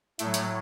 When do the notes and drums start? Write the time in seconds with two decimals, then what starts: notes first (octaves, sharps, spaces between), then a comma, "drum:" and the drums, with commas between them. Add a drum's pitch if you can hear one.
0.19 A2 F#3 A3, drum: hi-hat
0.34 drum: hi-hat